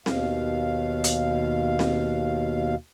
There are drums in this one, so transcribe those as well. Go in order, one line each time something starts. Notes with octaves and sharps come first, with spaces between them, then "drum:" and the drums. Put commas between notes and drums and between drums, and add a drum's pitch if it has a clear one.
D#2 B2 F5, drum: snare C4
drum: hi-hat
drum: snare C4